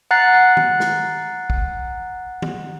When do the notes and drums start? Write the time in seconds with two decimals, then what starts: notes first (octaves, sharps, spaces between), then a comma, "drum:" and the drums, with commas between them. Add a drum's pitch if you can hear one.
0.11 F#5 A#5 F#6 A6 C7
0.57 drum: tom
0.80 drum: snare
1.50 drum: kick
2.42 drum: tom